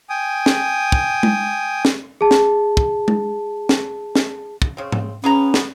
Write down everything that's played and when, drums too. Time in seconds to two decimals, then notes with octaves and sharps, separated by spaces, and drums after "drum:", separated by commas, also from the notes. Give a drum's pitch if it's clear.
0.10 G5 G#5 D#6
0.46 drum: snare
0.92 drum: kick
1.23 drum: tom G#3
1.85 drum: snare
2.21 G#4 A5
2.31 drum: snare
2.77 drum: kick
3.08 drum: tom G#3
3.69 drum: snare
4.15 drum: snare
4.62 drum: kick
4.77 C#3 C4
4.92 drum: tom G#2
5.24 B3 C#4 G#4 A#5
5.54 drum: snare